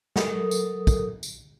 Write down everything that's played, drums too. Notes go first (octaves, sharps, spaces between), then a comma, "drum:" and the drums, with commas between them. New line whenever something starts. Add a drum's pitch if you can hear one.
F#3 A4 A#4 D#6, drum: snare
drum: tambourine
drum: kick, tambourine
drum: tambourine